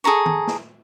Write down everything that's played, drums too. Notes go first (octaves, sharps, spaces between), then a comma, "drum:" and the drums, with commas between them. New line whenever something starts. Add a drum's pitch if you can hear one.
G#4 A4 A#5 C#6
drum: tom D#3
drum: snare